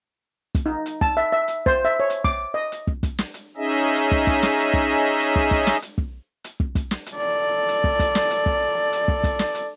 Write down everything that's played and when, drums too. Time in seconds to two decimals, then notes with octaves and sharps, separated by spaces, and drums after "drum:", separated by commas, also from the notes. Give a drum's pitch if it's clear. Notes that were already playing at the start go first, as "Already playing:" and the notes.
0.55 drum: kick, hi-hat
0.66 D#4
0.86 drum: hi-hat
1.01 A5, drum: kick
1.17 E5
1.33 E5
1.48 drum: hi-hat
1.66 C5, drum: kick
1.85 E5
2.00 C#5
2.10 drum: hi-hat
2.24 D6, drum: kick
2.54 D#5
2.72 drum: hi-hat
2.87 drum: kick
3.03 drum: kick, hi-hat
3.18 drum: snare
3.34 drum: hi-hat
3.57 C#4 D#4 G#4 D#5 E5
3.96 drum: hi-hat
4.12 drum: kick
4.27 drum: kick, hi-hat
4.43 drum: snare
4.58 drum: hi-hat
4.74 drum: kick
5.20 drum: hi-hat
5.36 drum: kick
5.51 drum: kick, hi-hat
5.67 drum: snare
5.82 drum: hi-hat
5.98 drum: kick
6.44 drum: hi-hat
6.60 drum: kick
6.75 drum: kick, hi-hat
6.91 drum: snare
7.06 drum: hi-hat
7.16 A4 D5
7.68 drum: hi-hat
7.84 drum: kick
8.00 drum: kick, hi-hat
8.15 drum: snare
8.31 drum: hi-hat
8.46 drum: kick
8.93 drum: hi-hat
9.08 drum: kick
9.24 drum: kick, hi-hat
9.39 drum: snare
9.55 drum: hi-hat